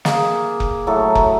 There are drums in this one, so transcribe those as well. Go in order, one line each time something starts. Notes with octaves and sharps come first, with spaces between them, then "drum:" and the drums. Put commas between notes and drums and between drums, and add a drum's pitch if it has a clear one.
A#3 G#4, drum: snare
drum: kick F1
A2 F#3 F#4 A4
drum: kick F1